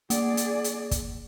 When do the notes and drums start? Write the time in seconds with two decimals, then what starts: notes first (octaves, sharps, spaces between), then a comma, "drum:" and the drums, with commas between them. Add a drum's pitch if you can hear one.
0.10 A#3 G#4 D5, drum: hi-hat
0.37 drum: hi-hat
0.64 drum: hi-hat
0.91 drum: kick, hi-hat